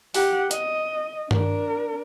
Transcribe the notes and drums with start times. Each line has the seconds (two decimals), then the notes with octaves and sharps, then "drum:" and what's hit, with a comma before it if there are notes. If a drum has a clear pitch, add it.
0.14 G4 F#5, drum: open hi-hat
0.51 D#5, drum: hi-hat
1.31 D4 A#4, drum: tom G2